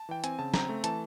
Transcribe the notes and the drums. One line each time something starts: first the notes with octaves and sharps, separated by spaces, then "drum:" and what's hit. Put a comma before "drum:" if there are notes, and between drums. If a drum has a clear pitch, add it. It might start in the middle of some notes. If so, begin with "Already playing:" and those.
Already playing: A5
E3 G5
C4 G#5, drum: hi-hat
C#3 A5
C4 A#5, drum: snare
A3
E3 A5, drum: hi-hat